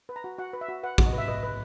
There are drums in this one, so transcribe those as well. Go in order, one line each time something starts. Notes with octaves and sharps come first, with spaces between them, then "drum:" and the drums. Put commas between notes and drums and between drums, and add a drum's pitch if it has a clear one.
B4
A#5
F#4
F#4 F#5
B4
E5
F#4
B4 F#5
F#4, drum: kick
D#5
B4
E5
B4 D#5
B4